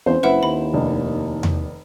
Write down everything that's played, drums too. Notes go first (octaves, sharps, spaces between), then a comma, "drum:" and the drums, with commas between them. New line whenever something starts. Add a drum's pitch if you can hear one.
E2 C4 C#4 C5
F#1 E4 B4 F#5
D#2 B5
F1 D#3 D4
drum: tom E2